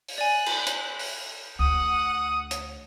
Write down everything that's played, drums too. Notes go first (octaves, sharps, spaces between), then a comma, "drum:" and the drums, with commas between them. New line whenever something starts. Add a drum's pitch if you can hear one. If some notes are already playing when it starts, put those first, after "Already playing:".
drum: open hi-hat
D5 G#5 F#6
drum: cymbal
drum: hi-hat
drum: open hi-hat
D2 F#5 D#6
drum: hi-hat